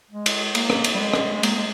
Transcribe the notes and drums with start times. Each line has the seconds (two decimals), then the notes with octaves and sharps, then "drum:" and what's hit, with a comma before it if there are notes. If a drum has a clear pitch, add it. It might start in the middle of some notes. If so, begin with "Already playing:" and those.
0.11 G#3
0.26 drum: cymbal
0.55 A#3, drum: cymbal
0.70 drum: rim click
0.84 drum: cymbal
0.95 G3
0.99 G#3
1.13 drum: rim click
1.35 G#3
1.43 A#3, drum: cymbal
1.58 G#3